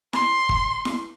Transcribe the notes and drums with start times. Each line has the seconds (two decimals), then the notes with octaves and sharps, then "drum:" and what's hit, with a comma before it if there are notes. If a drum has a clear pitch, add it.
0.13 C6, drum: snare E4
0.49 drum: kick
0.85 drum: snare E4